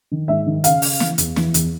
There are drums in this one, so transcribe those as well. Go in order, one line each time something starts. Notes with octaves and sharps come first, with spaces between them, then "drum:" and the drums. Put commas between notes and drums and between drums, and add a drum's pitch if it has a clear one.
D#3
G#2 E5
D#3
C#3 F5, drum: hi-hat
C#3, drum: open hi-hat
E3, drum: snare
E2, drum: hi-hat
E3, drum: snare
E2, drum: hi-hat